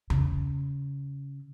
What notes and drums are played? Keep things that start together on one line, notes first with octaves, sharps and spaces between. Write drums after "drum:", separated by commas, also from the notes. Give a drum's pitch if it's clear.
C#3, drum: tom E2